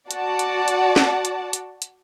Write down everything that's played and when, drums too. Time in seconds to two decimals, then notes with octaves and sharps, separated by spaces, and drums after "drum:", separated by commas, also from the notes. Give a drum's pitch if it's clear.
0.11 F#4 D5 F#5 A5, drum: hi-hat
0.39 drum: hi-hat
0.68 drum: hi-hat
0.96 drum: snare
1.25 drum: hi-hat
1.53 drum: hi-hat
1.82 drum: hi-hat